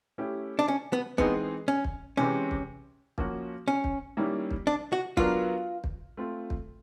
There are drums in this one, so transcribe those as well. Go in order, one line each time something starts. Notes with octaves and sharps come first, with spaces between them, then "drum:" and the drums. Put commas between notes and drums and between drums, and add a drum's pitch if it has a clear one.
A3 C#4 E4 G4
D4
C#4
B3
E3 G#3 B3 C4 D#4 G#4, drum: kick
C#4
drum: kick
C3 E3 G#3 C4 C#4
drum: kick
F3 A#3 C#4 F#4, drum: kick
C#4
drum: kick
D#3 G3 A#3 C#4 E4
drum: kick
D4
F#4
F#3 B3 D4 F4 F#4 A#4, drum: kick
drum: kick
A3 C4 F4
drum: kick